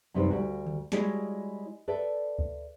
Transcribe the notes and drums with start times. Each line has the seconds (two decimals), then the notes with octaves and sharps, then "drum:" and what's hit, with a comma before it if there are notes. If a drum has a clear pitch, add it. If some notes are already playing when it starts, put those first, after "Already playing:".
0.14 F#2 C3 G3 D#4 B4 C5
0.30 D2 G3 F#4
0.67 drum: tom D3
0.92 G3 G#3 E4 F#4 C#5 D#5, drum: snare
1.88 A4 B4 D5 E5
2.39 drum: kick D2